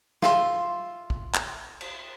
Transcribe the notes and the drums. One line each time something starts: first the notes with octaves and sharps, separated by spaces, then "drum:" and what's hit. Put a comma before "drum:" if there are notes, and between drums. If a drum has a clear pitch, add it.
F4 E5 C6, drum: snare
drum: kick
drum: clap
drum: cymbal